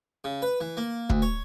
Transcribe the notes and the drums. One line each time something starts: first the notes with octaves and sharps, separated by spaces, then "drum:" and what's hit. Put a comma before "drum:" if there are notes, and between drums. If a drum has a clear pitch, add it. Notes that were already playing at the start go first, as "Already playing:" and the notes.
C#3
B4
E3
A#3
D2, drum: kick
C#5